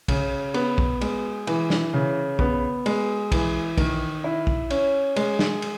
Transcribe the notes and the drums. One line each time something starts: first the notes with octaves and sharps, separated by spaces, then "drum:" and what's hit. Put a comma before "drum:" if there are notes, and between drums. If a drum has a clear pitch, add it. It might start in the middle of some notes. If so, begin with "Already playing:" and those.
C#3, drum: kick, cymbal
B3, drum: cymbal
drum: kick
G#3, drum: cymbal
E3, drum: cymbal
drum: snare
C#3
B3, drum: kick
G#3, drum: cymbal
E3, drum: kick, cymbal
D#3, drum: kick, cymbal
E4
drum: kick
C#4, drum: cymbal
G#3, drum: cymbal
drum: snare
drum: cymbal